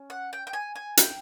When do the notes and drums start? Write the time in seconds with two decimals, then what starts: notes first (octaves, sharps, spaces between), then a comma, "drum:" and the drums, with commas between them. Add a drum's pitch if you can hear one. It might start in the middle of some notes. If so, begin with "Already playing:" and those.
Already playing: C#4
0.10 F#5
0.33 G5
0.47 G5
0.53 G#5
0.76 G#5
0.97 G5, drum: hi-hat